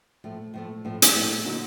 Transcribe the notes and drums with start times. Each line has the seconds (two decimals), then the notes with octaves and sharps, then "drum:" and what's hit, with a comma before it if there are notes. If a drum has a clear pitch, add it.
0.24 A2 F3 A3
0.54 A2 F3 A3
0.85 A2 F3 A3
1.02 drum: hi-hat
1.15 A2 F3 A3
1.46 D3 F#3 A#3 D#4 F#4